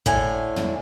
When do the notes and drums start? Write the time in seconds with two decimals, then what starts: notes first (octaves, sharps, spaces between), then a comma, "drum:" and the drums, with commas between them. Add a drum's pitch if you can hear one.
0.06 A2 D3 G#5, drum: kick
0.56 drum: tom